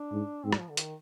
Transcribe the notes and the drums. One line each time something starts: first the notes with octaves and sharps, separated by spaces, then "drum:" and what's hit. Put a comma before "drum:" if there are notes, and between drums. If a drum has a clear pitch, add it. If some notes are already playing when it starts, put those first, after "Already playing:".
Already playing: D4
G#2
G#2 C4
G3, drum: rim click
F3
D3
D#3, drum: hi-hat